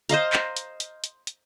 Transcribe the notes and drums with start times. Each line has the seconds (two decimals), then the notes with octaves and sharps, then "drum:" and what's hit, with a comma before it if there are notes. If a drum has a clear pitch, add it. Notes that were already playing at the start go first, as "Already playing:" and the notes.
0.09 C5 D#5 F5 A#5, drum: hi-hat
0.33 drum: clap
0.57 drum: hi-hat
0.80 drum: hi-hat
1.04 drum: hi-hat
1.27 drum: hi-hat